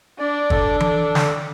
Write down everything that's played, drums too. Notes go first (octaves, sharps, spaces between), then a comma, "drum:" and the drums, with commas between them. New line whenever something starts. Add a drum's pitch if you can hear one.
D4 D5
A4, drum: kick
A4, drum: tom E3
drum: snare